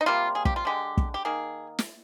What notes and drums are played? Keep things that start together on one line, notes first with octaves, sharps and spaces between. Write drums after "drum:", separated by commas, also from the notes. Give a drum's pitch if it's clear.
D#4
C3 G3 A#3 F4
G#4
G4, drum: kick
F4
D3 G#3 G4
drum: kick
G4
D#3 A#3 G#4
drum: snare